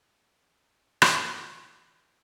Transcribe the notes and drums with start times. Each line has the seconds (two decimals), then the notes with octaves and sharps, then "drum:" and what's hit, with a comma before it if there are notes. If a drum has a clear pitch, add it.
0.13 F#4
1.02 drum: rim click
1.56 B4